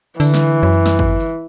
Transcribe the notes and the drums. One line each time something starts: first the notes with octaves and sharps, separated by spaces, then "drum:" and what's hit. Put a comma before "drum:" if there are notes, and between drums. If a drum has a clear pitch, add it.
D3 E3, drum: open hi-hat
drum: snare
F#2
drum: snare
drum: kick G1
drum: tambourine